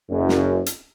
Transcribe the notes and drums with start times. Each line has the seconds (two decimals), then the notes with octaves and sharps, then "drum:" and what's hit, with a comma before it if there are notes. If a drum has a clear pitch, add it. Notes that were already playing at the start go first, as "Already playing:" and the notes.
0.10 F#1 F#2
0.29 drum: snare
0.66 drum: hi-hat